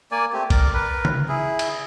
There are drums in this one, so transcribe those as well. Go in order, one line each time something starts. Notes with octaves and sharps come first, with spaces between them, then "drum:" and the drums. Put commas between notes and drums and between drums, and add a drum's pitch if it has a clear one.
A#3 D5 G#5
A3 C4 G4
A#4 D5 D6, drum: kick A1, cymbal
A#4 B4
drum: tom C#3
E4 G#4
drum: cymbal